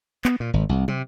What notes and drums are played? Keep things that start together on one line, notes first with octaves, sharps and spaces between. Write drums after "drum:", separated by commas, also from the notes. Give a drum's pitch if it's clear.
B3, drum: clap
A#2
G#1
C2
C3, drum: tom